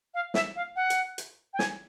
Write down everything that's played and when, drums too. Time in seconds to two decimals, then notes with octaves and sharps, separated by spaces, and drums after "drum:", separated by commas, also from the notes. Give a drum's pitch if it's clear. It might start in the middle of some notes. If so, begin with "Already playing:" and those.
0.14 F5
0.34 E5, drum: snare
0.56 F5
0.76 F#5
0.90 drum: hi-hat
1.18 drum: hi-hat
1.54 G5
1.59 G#5, drum: snare